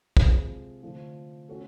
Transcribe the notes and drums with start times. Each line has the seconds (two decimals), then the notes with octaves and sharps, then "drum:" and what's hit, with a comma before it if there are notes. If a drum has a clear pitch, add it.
0.17 C3 F3 G#3, drum: kick
0.83 D3 F3 A3
1.49 A3 C#4 F#4 A4